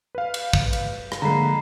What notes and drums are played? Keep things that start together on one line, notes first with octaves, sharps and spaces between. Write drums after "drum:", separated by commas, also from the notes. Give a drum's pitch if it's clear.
B4 F5
drum: cymbal
drum: kick
drum: cymbal
drum: rim click
D3 F3 G#3 A#3 A#5 B5 C7